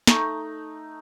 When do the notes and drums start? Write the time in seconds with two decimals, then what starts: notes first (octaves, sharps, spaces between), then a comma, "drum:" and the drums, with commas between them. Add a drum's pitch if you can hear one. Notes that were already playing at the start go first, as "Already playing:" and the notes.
0.07 A3 D#4, drum: snare